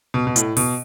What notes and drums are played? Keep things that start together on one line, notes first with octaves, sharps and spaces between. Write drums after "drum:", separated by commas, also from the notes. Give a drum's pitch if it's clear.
B2
B2
A2, drum: hi-hat
B2, drum: open hi-hat